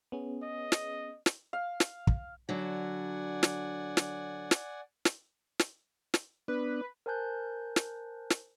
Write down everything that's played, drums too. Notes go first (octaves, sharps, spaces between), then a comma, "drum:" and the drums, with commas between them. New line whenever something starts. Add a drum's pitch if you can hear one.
B3 C#4 G#4
D#5
drum: snare
drum: snare
F5
drum: snare
drum: kick
D3 F#3 D5 F#5 G#5
drum: snare
drum: snare
drum: snare
drum: snare
drum: snare
drum: snare
B3 D4 B4
A#4 C5 G#5 A5 F#6 G6
drum: snare
drum: snare